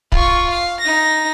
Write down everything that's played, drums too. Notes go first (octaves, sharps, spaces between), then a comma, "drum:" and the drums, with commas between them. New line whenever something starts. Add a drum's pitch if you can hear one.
F4 C#6, drum: kick
F5
D#4 A#6